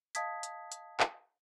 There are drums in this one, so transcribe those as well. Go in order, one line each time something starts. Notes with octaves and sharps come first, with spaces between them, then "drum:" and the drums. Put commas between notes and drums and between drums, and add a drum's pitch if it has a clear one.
D#5 F5 A5 D#6 G#6 B6, drum: hi-hat
drum: hi-hat
drum: hi-hat
drum: clap